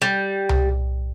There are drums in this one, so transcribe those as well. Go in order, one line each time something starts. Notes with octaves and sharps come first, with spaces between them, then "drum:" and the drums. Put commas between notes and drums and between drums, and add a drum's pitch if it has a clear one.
G3
drum: tom C2